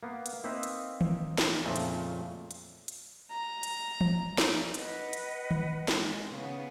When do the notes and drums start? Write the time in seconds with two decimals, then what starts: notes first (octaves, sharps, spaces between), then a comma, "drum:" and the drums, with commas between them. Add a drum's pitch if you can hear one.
0.03 A#3 B3
0.26 drum: hi-hat
0.44 A#3 C4 D#4 B4 D#5 E5
0.63 drum: hi-hat
1.01 drum: tom D#3
1.38 drum: snare
1.65 F2 A#2 C#3 F3 A3
1.76 drum: hi-hat
2.51 drum: hi-hat
2.88 drum: hi-hat
3.31 A#5
3.63 drum: hi-hat
4.01 drum: tom E3
4.38 drum: snare
4.74 B4 D#5 F#5, drum: hi-hat
5.13 drum: hi-hat
5.51 drum: tom D#3
5.88 G#3, drum: snare
6.29 C#3 B3